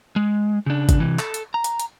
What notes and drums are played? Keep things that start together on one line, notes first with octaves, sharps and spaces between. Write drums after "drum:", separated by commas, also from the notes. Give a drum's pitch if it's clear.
G#3
C#3 D4
drum: kick G#1, hi-hat
C3 E3
A4, drum: clap
drum: hi-hat
A#5
drum: hi-hat
drum: hi-hat